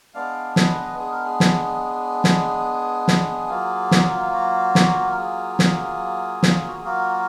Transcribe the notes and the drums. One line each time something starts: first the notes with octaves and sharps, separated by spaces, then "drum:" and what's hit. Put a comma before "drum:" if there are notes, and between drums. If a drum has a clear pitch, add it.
G#3 B3 D4 D5 F5
B4 D#5, drum: snare
G#4
A#4
G#4
drum: snare
drum: snare
drum: snare
F#3 A#3 F4
drum: snare
F#4
drum: snare
A#4
G#4
drum: snare
drum: snare
F#4
G#4
F#3 A#3 F4 F#4 A#4